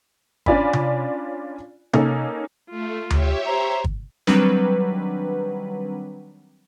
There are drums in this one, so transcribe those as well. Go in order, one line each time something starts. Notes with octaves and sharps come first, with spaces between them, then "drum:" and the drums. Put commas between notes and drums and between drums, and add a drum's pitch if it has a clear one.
C#4 D4 F4 D5 G#5 B5, drum: kick
drum: tom C3
A#3 C#4 D#4 A4, drum: tom C3
A3 F4
G4 C#5 E5, drum: tom D2
C5 A#5
drum: kick
D#3 F#3 G3 C4 D4 B4, drum: snare